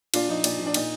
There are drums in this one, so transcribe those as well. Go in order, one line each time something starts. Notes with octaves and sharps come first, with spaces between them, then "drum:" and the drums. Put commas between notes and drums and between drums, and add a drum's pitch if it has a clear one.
A#2 D4 F4, drum: cymbal
F3 D#4
A#2 D4, drum: cymbal
F3
D4
A#2 D#4, drum: cymbal